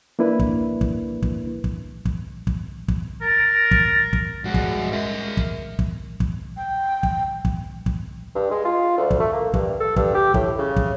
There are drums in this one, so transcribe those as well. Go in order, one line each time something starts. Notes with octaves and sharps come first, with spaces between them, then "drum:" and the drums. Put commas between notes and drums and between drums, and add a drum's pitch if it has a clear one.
A#3 D4 E4 B4
drum: kick
drum: kick
drum: kick
drum: kick
drum: kick
drum: kick
drum: kick
A#4 A6
drum: kick
drum: kick
G2 G#3 F#4
drum: kick
A#4 E5
drum: kick
drum: kick
drum: kick
G5
drum: kick
drum: kick
drum: kick
G2
G#3
F4
D2
drum: kick
A3
A#3
G2, drum: kick
A4
G2, drum: kick
G4
A2, drum: kick
C#3
drum: kick